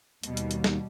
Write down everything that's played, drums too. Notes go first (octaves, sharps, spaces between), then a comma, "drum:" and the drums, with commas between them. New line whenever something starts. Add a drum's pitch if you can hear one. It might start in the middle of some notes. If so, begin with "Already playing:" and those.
D#2 B2 G3, drum: hi-hat
drum: hi-hat
drum: hi-hat
drum: snare